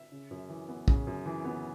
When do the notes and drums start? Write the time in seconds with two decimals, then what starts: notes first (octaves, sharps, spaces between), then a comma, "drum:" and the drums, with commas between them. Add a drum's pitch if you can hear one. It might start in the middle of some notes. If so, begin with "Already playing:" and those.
Already playing: E5
0.12 C#3
0.31 F#2
0.49 E3
0.68 B3
0.88 C#3, drum: kick
1.07 F#2
1.25 E3
1.45 B3